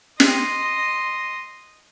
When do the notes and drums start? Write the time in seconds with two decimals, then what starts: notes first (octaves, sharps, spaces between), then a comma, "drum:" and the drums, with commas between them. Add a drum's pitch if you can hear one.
0.20 D#5 C6, drum: snare